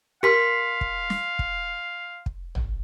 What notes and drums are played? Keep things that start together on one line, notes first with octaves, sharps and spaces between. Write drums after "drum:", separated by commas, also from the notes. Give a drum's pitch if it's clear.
G4 A#4 F5 C6 B6 C#7
drum: kick
drum: snare
drum: kick
drum: kick
drum: tom